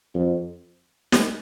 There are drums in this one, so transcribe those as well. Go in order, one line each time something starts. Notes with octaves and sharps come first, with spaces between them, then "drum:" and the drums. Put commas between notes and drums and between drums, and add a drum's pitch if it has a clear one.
F2
drum: snare